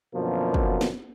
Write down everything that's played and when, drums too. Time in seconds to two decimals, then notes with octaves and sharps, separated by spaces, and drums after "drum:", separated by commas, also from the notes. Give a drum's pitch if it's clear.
0.14 F#2 B2 D3 F3 A#3
0.54 drum: kick
0.81 drum: snare